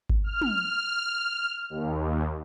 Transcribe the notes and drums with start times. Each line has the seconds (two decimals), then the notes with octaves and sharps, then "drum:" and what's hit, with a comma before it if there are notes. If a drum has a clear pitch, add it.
0.10 drum: kick G#1
0.24 F6
0.41 drum: tom
1.70 D#2